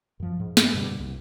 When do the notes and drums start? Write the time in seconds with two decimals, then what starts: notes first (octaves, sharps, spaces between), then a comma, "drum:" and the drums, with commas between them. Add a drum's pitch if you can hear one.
0.20 F#2 F3
0.40 G#2
0.57 B3, drum: snare
0.74 F#2 B2 D3 G3
0.99 C2